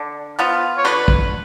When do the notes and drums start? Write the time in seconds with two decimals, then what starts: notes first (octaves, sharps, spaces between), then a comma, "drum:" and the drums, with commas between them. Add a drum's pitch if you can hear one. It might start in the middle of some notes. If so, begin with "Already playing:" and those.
Already playing: D3
0.39 F3 B3 F4
0.78 C#5
0.85 D3 B4, drum: hi-hat
1.08 drum: kick